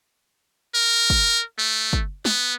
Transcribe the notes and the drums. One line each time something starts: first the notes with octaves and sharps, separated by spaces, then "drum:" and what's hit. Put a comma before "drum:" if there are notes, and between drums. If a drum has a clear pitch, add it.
A#4
drum: kick
A3
drum: kick
B3, drum: snare